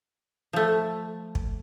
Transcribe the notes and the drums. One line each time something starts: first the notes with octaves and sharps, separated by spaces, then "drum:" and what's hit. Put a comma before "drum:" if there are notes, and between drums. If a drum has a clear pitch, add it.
F3 A3
drum: kick